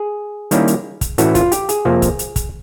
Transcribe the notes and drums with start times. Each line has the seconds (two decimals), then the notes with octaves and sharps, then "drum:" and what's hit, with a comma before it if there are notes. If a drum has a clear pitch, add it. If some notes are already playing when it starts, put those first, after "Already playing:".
Already playing: G#4
0.51 D#3 G3 A#3 C#4 E4, drum: hi-hat
0.68 drum: hi-hat
1.01 drum: kick, hi-hat
1.18 A2 E3 A3 C#4 E4 F#4, drum: hi-hat
1.35 F4, drum: kick, hi-hat
1.52 G4, drum: hi-hat
1.69 G#4, drum: hi-hat
1.85 F2 C3 F3 A#3
2.02 drum: kick, hi-hat
2.19 drum: hi-hat
2.36 drum: kick, hi-hat